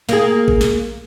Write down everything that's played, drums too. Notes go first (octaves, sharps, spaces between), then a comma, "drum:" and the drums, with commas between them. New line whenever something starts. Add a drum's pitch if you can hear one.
A#3 G#4, drum: snare
drum: kick
drum: snare